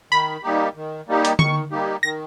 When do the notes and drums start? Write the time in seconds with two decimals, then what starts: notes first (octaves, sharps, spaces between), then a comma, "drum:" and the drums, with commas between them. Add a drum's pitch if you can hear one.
0.11 D#3 B5
0.43 G3 A#3 D#4 G4
0.76 D#3
1.08 G3 A#3 D#4 G4
1.25 drum: hi-hat
1.39 D#3 C#6, drum: tom D3
1.71 G3 A#3 D#4 G4
2.03 D#3 A#6